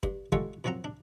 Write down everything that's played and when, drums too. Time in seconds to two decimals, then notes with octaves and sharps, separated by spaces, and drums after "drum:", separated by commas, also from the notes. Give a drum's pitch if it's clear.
0.03 G2, drum: kick
0.32 G3 G#3 F4 A4 C#5 F#5, drum: kick
0.64 F#2 F3 C4 F#5 A#5
0.84 D4